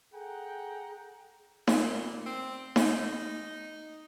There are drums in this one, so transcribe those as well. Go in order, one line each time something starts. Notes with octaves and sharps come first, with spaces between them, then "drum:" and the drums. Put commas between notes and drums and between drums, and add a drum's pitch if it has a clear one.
G#4 A4 F#5 G5 A#5
A#2, drum: snare D#4
C4
D#4, drum: snare D#4